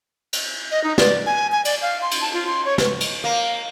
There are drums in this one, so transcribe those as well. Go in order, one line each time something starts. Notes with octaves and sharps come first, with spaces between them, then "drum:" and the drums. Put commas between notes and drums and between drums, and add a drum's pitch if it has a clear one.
drum: cymbal
D#5
D#4
D5, drum: snare
G#5
G#5
D5, drum: cymbal
F5
C6
drum: cymbal
A5
F4
C6
C#5
drum: snare
drum: cymbal
A#3